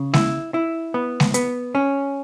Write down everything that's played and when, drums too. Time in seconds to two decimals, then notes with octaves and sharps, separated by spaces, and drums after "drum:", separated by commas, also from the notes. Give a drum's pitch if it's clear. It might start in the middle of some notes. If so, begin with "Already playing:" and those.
Already playing: C#3
0.14 E4, drum: snare G#3
0.54 E4
0.94 B3
1.20 drum: snare G#3
1.34 B3, drum: hi-hat
1.75 C#4